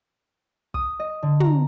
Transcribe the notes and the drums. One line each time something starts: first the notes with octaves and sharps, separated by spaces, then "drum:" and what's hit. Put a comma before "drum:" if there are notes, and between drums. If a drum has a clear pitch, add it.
D#6, drum: kick
D#5
D3
A#5, drum: tom